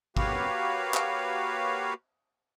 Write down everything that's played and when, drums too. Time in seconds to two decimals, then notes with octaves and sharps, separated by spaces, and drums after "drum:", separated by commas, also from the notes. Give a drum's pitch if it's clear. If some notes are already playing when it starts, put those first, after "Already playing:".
0.17 A#3 F#4 G4 B4 C#5 F5, drum: kick
0.94 drum: clap